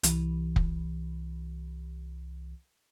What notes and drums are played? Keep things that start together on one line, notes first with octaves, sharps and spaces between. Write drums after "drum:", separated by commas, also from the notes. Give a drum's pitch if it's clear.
C2 E3, drum: hi-hat
drum: kick